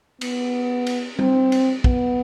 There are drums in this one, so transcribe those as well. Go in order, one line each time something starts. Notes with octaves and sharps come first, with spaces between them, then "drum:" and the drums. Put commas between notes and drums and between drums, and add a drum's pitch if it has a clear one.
B3, drum: cymbal
drum: cymbal
C4, drum: tom G3
drum: cymbal
B3, drum: kick